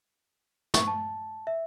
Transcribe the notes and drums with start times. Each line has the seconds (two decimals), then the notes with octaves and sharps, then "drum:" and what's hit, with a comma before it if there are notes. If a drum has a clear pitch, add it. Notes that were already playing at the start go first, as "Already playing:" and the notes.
0.74 C#6, drum: snare
0.87 A5
1.47 E5